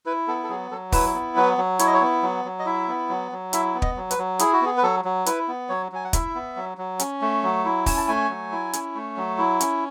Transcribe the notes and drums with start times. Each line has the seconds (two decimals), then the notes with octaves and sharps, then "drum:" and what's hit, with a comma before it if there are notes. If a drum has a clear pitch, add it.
0.06 E4 B4
0.28 B3 A4
0.43 A4
0.49 F#3 G#4
0.71 F#3 A4
0.92 E4 B4, drum: kick, open hi-hat
1.14 B3
1.36 F#3 B4
1.58 F#3
1.79 E4 C#5, drum: hi-hat
1.87 D#5
1.94 C#5
2.01 B3
2.23 F#3
2.45 F#3
2.59 D#5
2.66 E4 E5
2.88 B3
3.09 F#3
3.32 F#3
3.53 E4 E5, drum: hi-hat
3.74 B3
3.82 D#5, drum: kick
3.96 F#3
4.11 B4, drum: hi-hat
4.18 F#3
4.39 E4 G#4, drum: hi-hat
4.53 F#4
4.61 B3 G#4
4.77 B4
4.83 F#3 A4
5.05 F#3
5.26 E4 B4, drum: hi-hat
5.48 B3
5.69 F#3 C#5
5.92 F#3 G#5
6.04 F#5
6.13 E4 E5, drum: kick, hi-hat
6.35 B3
6.56 F#3
6.78 F#3
6.99 C#4, drum: hi-hat
7.22 A3
7.43 F#3
7.65 E4
7.86 C#4 G#5, drum: kick, open hi-hat
7.97 A5
8.08 A3 G#5
8.30 F#3
8.52 E4
8.73 C#4, drum: hi-hat
8.95 A3
9.17 F#3
9.38 E4
9.60 C#4, drum: hi-hat